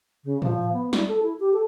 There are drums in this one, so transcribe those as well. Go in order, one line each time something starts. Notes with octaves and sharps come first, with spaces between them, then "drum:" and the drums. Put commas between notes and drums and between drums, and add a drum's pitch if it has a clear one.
C#3
F3, drum: tom A2
B3
E4, drum: snare
A4
E4
G4
A4